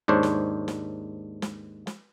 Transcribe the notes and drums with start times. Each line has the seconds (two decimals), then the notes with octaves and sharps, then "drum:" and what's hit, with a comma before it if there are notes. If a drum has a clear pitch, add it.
0.08 D#2 G#2 D4 C5 C#5
0.23 drum: snare
0.68 drum: snare
1.42 drum: snare
1.87 drum: snare